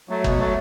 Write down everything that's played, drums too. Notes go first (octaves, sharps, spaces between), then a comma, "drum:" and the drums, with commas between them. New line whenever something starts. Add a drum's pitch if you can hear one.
F#3 A3
B2, drum: kick
F#3 A3